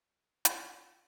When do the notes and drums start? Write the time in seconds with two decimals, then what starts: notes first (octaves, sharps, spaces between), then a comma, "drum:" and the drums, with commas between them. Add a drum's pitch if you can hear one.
0.45 F4 F5, drum: hi-hat